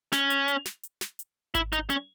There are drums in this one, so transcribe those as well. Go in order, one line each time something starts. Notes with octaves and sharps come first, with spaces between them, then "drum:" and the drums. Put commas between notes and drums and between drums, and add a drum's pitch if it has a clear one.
C#4, drum: snare
drum: hi-hat
drum: hi-hat
drum: snare
drum: hi-hat
drum: snare
drum: hi-hat
E4, drum: kick G#1, hi-hat
D#4, drum: hi-hat
C#4, drum: hi-hat